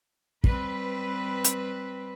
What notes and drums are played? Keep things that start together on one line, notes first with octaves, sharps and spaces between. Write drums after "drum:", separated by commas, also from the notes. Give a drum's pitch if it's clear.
G3 C4 B4, drum: kick
drum: hi-hat